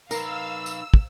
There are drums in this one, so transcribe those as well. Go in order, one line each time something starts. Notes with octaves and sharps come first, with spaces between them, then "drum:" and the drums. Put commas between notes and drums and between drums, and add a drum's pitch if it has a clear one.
D#4 A#4 B4 F5 E6, drum: tambourine
drum: tambourine
drum: kick